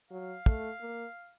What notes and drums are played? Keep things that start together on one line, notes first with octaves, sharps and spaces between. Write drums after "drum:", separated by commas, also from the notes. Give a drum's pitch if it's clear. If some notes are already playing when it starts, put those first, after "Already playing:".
F#3 F5
A3, drum: kick
A#3